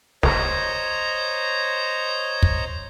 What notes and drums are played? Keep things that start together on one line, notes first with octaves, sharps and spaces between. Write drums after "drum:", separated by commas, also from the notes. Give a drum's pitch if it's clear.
C5 C#5 D#5 A#5, drum: snare
drum: kick